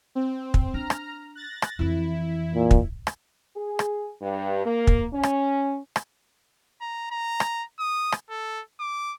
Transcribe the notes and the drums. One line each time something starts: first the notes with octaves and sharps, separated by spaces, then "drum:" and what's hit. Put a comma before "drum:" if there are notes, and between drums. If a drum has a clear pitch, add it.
C4
drum: kick
D4 A#5 F6
drum: rim click
F#6 A6 A#6
drum: rim click
F2 E3 E4
A#2
drum: kick
drum: rim click
G#4
drum: rim click
G2
A#3
drum: kick
C#4
drum: rim click
drum: rim click
A#5
A#5
drum: rim click
D#6
drum: rim click
A4
D6